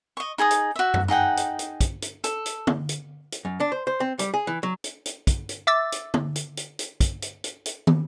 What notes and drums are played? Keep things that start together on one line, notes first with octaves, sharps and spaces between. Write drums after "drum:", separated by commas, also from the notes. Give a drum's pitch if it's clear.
D#5 C#6
D#4 G#4 A#5 D#6
drum: hi-hat
F#4 E5
drum: tom F#2
D#4 G#4 F#5 G5
drum: hi-hat
drum: hi-hat
drum: kick, hi-hat
drum: hi-hat
A4, drum: hi-hat
drum: hi-hat
drum: tom
drum: hi-hat
drum: hi-hat
F#2
D4
C5
C5
C4
G3, drum: hi-hat
G#4
E3
F#3
drum: hi-hat
drum: hi-hat
drum: kick, hi-hat
drum: hi-hat
E5 D6 E6 A6
drum: hi-hat
drum: tom
drum: hi-hat
drum: hi-hat
drum: hi-hat
drum: kick, hi-hat
drum: hi-hat
drum: hi-hat
drum: hi-hat
drum: tom